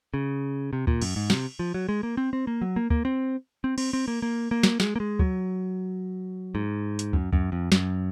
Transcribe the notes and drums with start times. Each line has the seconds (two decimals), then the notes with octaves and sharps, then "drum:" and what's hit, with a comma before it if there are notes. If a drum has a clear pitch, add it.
0.14 C#3
0.73 C3
0.87 A#2, drum: kick
1.02 F#2, drum: cymbal
1.16 G#2
1.30 C3, drum: snare
1.59 F3
1.74 F#3
1.89 G#3
2.03 A#3
2.17 C4
2.33 C4
2.47 A#3
2.61 F#3
2.76 A#3
2.90 A#3, drum: kick
3.05 C4
3.64 C4
3.78 C4, drum: cymbal
3.93 C4
4.08 A#3
4.22 A#3
4.51 A#3
4.63 drum: snare
4.80 G#3, drum: snare
4.96 A#3
5.00 G#3
5.19 F#3, drum: kick
6.55 G#2
6.99 drum: hi-hat
7.13 F#2, drum: kick
7.33 F#2, drum: kick
7.52 F2
7.72 F#2, drum: snare